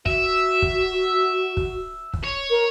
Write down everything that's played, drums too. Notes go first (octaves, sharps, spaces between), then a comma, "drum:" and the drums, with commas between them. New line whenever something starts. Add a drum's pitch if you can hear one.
F#4 E5, drum: kick
drum: kick
drum: kick
drum: kick
C#5
A#4